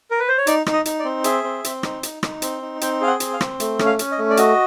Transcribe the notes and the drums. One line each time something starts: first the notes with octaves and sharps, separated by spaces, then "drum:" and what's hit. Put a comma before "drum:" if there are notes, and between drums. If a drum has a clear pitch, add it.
A#4
B4
C5
C#5
D#4 D5, drum: hi-hat
D#4, drum: rim click
D#5
D#4, drum: hi-hat
D5
C4
G#4 E5, drum: hi-hat
C4
C4, drum: hi-hat
D#4, drum: rim click
D#4, drum: hi-hat
D#4, drum: rim click
C4, drum: hi-hat
D#4
C4 G5, drum: hi-hat
G#4 F5
F#5
C4, drum: hi-hat
F5
C4, drum: rim click
A3, drum: hi-hat
C#4, drum: rim click
F5
C#4, drum: hi-hat
D#5
A3
D5
F#4 D#5, drum: hi-hat